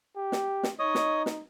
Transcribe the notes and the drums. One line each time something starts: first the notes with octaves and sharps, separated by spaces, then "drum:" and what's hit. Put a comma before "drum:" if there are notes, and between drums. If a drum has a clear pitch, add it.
G4
drum: snare
drum: snare
D#4 C#5 D#5 D#6
drum: snare
drum: snare